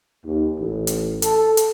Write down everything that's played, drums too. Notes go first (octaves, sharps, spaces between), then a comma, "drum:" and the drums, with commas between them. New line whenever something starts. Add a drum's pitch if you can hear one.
D#2
A1
drum: hi-hat
A4, drum: hi-hat
drum: hi-hat